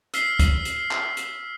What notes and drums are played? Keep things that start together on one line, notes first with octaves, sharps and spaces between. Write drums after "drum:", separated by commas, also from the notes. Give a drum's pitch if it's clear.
E6 F6 B6 C7, drum: hi-hat
drum: kick, hi-hat
drum: hi-hat
drum: clap
drum: hi-hat